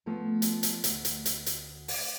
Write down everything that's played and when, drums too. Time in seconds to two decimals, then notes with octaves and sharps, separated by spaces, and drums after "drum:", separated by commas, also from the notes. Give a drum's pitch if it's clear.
0.06 F3 A3 B3
0.42 drum: hi-hat
0.63 drum: hi-hat
0.84 D2, drum: hi-hat
1.05 drum: hi-hat
1.26 drum: hi-hat
1.46 drum: hi-hat
1.88 drum: open hi-hat